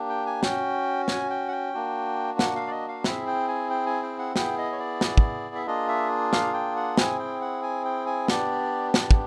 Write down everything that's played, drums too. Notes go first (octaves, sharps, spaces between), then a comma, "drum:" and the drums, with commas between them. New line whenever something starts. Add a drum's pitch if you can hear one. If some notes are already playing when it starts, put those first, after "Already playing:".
Already playing: A#3 D4 G4
G5
G#5
C#4 F#4 G5, drum: snare
G#5, drum: snare
G5
F#5
G5
A#3 D4 F#4
F#5, drum: snare
F5
D5
D#5
F5
C4 E4 G#4 E5, drum: snare
G5
G#5
G5
G#5
G5
F#5
B3 E4 G#4 G5, drum: snare
D#5
C#5
D5
drum: snare
drum: kick
E5
A#3 D4 F4 G#4 D#5
E5
F5, drum: snare
G5
F#5
C4 E4 G#4 G#5, drum: snare
G5
F#5
G#5
G5
G#5
B3 D4 G4 D5, drum: snare
D5, drum: snare
drum: kick